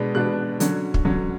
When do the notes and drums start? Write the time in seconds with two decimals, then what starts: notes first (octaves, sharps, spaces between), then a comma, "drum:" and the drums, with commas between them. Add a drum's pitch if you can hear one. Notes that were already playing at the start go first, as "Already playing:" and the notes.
Already playing: B2 G#3 B3 D4
0.15 B2 G#3 B3 D4 F#6
0.60 D3 F#3 C#4, drum: hi-hat
0.94 drum: kick
1.05 D3 F#3 C#4